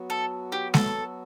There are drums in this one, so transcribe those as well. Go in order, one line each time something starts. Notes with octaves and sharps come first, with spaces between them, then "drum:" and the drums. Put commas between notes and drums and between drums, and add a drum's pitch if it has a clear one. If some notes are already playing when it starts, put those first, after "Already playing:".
Already playing: F#3 B3 F#4
A4
G4
A4, drum: snare G#3